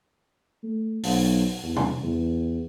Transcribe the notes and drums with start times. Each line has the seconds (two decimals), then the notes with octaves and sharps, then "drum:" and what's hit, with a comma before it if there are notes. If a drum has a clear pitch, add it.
0.63 A3
1.03 B1, drum: open hi-hat
1.63 E2
1.76 drum: tom
2.03 E2